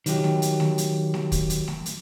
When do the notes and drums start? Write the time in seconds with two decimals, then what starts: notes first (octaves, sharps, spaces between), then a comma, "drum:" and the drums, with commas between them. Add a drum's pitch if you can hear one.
0.06 D#3 F#3 G4, drum: hi-hat
0.24 drum: snare
0.42 drum: hi-hat
0.60 drum: snare
0.78 drum: hi-hat
1.14 drum: snare
1.32 drum: kick, hi-hat
1.50 drum: hi-hat
1.68 drum: snare
1.86 drum: hi-hat